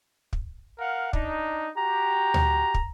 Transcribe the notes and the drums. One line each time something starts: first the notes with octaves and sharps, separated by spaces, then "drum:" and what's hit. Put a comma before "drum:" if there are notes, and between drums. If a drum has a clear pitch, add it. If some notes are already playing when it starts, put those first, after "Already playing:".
drum: kick
A#4 F5 F#5
D4 D#4, drum: kick
F#4 G4 A#5
drum: tom D2
drum: kick